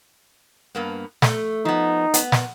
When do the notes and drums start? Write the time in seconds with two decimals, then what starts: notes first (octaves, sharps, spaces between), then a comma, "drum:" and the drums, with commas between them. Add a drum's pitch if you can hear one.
0.75 G2 A#3 B3
1.22 A3, drum: snare
1.65 F3 B3 D#4
2.14 B3, drum: hi-hat
2.32 drum: snare